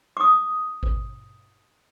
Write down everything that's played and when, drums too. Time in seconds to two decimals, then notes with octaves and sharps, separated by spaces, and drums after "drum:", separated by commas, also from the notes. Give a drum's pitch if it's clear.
0.17 D6 D#6
0.83 drum: kick G#1